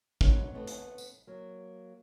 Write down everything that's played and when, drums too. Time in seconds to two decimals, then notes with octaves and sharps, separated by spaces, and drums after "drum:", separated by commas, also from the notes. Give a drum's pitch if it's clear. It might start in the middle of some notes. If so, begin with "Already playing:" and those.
0.21 G2 C3 D#3 F#3 C4 D#4, drum: kick
0.54 A3 B3 C4 C5 C#5
0.67 drum: hi-hat
0.98 drum: tambourine
1.27 F#3 A#3